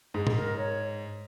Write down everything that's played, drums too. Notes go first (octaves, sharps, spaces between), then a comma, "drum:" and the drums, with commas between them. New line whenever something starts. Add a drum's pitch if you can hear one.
G#2 G#4
G#4, drum: tom A2
A#4
C#5